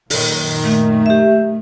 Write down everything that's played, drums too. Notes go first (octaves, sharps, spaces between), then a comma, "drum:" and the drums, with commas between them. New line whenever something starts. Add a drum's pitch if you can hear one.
F#2 A#2 D#3, drum: open hi-hat
A3
G4 E5